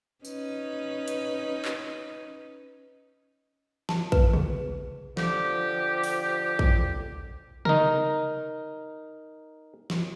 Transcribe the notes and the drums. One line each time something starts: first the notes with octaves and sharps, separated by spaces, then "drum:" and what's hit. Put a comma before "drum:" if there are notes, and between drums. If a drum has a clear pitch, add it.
C#4 D#4 B4, drum: tambourine
drum: hi-hat
drum: clap
A5, drum: snare
B4, drum: kick
G#4, drum: tom C3
D3 F3 G4, drum: snare
drum: open hi-hat
drum: kick
D#4 A#4, drum: tom C3
drum: snare